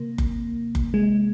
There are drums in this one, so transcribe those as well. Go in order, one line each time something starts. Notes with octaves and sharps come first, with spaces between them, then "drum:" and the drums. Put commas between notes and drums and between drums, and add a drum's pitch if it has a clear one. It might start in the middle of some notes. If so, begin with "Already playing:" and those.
Already playing: C3 A#3
drum: kick F#1
drum: kick F#1
G#3